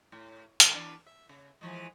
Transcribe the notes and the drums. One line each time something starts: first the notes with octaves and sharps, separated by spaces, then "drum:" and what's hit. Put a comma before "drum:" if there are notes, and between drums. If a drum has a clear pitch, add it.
A2
G2 D3, drum: hi-hat
E2 D4 B4
E5
C#3
E3 F3 G#3